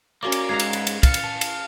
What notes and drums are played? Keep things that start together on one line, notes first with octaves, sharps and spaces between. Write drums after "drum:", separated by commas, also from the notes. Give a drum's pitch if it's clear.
A#3 C#4 F#4 A#4 D5 D6
drum: cymbal
G#2 A#4 F5 A#5 G#6 C7
drum: cymbal
B4, drum: cymbal
drum: cymbal
F5 A6 C#7, drum: kick, cymbal
drum: cymbal
A5
drum: cymbal